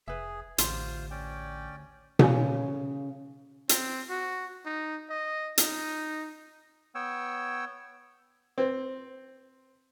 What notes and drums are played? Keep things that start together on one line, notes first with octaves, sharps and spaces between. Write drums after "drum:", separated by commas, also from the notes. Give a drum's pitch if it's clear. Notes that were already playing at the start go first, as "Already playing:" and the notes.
F1 G#4 B4 E5
A1 D2 F4 G4 C5 C6, drum: hi-hat
C#4 D5 G5
C#3, drum: tom B2
C4, drum: hi-hat
F#4
D#4
D#5
D#4, drum: hi-hat
B3 C#5 G5 E6
C4 B4 C5